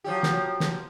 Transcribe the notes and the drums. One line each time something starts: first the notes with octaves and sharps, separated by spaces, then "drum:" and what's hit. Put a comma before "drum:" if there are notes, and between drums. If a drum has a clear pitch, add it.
F3 F#3 G4
drum: snare
drum: snare